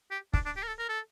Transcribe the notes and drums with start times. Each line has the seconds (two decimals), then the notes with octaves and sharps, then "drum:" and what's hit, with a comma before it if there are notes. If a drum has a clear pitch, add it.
0.11 G4
0.34 D4, drum: kick
0.46 D4
0.56 G4
0.63 A#4
0.67 A4
0.79 A#4
0.89 A4